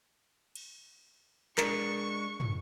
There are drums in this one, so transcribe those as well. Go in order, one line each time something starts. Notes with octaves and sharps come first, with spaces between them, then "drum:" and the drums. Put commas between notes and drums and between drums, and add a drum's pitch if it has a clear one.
drum: cymbal
G#3 D4 A#4 C#6, drum: clap
drum: tom